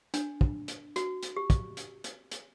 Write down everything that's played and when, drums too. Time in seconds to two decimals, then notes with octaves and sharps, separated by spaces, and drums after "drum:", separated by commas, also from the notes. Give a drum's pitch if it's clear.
0.14 D4, drum: hi-hat
0.41 drum: kick
0.68 drum: hi-hat
0.96 F#4, drum: hi-hat
1.23 drum: hi-hat
1.36 G4
1.50 drum: kick, hi-hat
1.77 drum: hi-hat
2.04 drum: hi-hat
2.31 drum: hi-hat